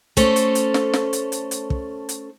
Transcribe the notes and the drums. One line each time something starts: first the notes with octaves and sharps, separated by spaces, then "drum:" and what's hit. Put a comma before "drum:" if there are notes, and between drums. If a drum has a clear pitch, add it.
A3 C#4 A4 C5, drum: kick, hi-hat
drum: hi-hat
drum: hi-hat
drum: snare
drum: snare
drum: hi-hat
drum: hi-hat
drum: hi-hat
drum: kick
drum: hi-hat